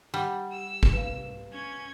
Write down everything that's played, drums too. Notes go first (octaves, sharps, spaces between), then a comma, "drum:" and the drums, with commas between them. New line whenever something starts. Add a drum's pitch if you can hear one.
G3 F#5
E6
drum: kick A1
B4 F5
C#4 G#6